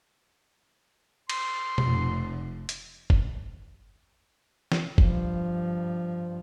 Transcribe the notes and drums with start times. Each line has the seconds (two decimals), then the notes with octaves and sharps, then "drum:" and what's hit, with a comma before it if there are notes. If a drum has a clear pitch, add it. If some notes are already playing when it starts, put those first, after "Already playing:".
1.30 C6, drum: cymbal
1.78 F1, drum: tom B2
2.69 drum: hi-hat
3.10 drum: kick F#1
4.72 drum: snare
4.98 G2 F3, drum: kick F#1